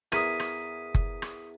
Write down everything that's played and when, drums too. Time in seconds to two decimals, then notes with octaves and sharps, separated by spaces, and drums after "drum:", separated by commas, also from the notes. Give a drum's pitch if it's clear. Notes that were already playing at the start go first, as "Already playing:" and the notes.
0.12 E2 A#4 G#5 D#6 B6 D#7, drum: rim click
0.40 drum: rim click
0.95 drum: kick F#1
1.22 drum: rim click